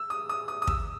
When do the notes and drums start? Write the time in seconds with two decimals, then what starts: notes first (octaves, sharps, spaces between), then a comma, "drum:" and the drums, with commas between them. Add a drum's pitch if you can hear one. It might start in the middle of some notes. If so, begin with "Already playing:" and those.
Already playing: E6
0.10 D#6
0.29 D#6
0.48 D#6
0.62 D#6
0.67 E6, drum: kick